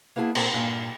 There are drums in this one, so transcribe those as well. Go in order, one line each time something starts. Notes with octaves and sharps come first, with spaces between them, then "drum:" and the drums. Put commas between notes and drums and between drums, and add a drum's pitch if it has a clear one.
A#3 B3 E4 G#4 A5
A#2 C4, drum: cymbal
G2 A#2 G#5